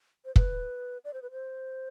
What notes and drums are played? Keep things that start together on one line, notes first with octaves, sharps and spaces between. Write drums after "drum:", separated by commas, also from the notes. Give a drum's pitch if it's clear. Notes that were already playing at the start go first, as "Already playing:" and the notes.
C5
B4, drum: kick
D5
C5
B4
C5